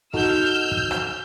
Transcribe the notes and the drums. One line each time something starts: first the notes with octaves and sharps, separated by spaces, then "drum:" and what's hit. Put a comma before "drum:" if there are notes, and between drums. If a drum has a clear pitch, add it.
D#4 F#4 A4 E6 F6 G6, drum: kick
drum: kick
drum: rim click